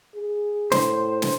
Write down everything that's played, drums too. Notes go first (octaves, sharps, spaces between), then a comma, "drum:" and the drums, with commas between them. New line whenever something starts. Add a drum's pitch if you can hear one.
G#4
A2 C5, drum: snare
drum: snare